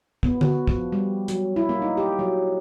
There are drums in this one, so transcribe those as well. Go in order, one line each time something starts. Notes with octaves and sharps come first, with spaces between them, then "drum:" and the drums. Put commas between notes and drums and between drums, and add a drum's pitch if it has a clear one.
B3, drum: kick
F#4, drum: tom D3
F3, drum: kick
G3
F#3, drum: hi-hat
E4
A#3
D#4
G4
F#3